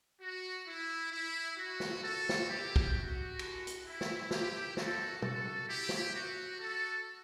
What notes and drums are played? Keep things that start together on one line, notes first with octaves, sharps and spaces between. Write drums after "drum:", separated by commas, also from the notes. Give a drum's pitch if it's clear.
F#4
E4
E4
F#4
drum: snare
F#4 A4
drum: snare
E4 G4
drum: kick
F#4
drum: cymbal
drum: hi-hat
E4
drum: snare
E4 G4, drum: snare
F#4 A4, drum: snare
F#4 A4, drum: tom B2
E4 G4
drum: snare
F#4
F#4 A4